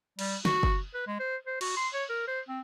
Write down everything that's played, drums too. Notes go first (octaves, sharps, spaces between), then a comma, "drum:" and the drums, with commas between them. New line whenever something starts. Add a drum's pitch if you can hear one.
G3, drum: cymbal
F#4, drum: snare
drum: kick
B4
G#3
C5
C5
F#4, drum: cymbal
C6
C#5
A#4
C5
C4